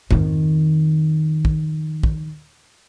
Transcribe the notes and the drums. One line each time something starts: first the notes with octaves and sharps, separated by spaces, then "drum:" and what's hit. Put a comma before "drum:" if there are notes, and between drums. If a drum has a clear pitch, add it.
F2 D#3, drum: tom G#2
drum: kick
drum: kick